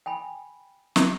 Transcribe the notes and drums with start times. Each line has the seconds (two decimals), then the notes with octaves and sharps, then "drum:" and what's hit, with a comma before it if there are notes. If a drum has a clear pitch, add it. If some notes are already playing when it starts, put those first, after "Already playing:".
0.06 G5 G#5 B5
0.96 drum: snare